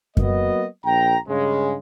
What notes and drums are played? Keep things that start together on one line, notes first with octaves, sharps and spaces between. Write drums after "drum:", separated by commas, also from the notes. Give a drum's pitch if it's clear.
F#3 A#3 B3 D#5, drum: kick F#2
A#1 G5 A#5
G2 C#3 G#3